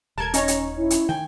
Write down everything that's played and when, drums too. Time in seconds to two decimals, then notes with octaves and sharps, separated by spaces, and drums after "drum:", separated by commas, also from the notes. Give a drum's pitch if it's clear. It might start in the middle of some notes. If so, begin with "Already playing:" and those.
0.18 D#1 A4 A#4 A5 G#6
0.34 C#4 D#4 C#5 A#5, drum: hi-hat
0.48 drum: hi-hat
0.77 E4
0.90 drum: hi-hat
1.09 D#3 G5 G#5